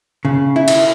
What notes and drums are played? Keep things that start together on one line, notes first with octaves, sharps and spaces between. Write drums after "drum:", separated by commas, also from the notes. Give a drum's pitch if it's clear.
C#3
E4
drum: cymbal